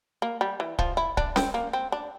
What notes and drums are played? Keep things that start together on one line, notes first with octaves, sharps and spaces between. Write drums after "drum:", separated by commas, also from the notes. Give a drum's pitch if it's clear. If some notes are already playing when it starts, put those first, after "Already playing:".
A#3
G3
E3
F3, drum: kick C#1
E4
D4, drum: kick C#1
C4, drum: snare C#4
A#3
C4
D4